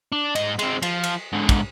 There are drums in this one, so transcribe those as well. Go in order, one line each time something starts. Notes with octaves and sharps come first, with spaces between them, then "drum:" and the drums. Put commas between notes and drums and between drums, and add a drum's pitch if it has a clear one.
D4
G#2 D#5, drum: cymbal
G#3 C4, drum: cymbal
F3, drum: cymbal
drum: cymbal
G#2 D3
drum: kick, cymbal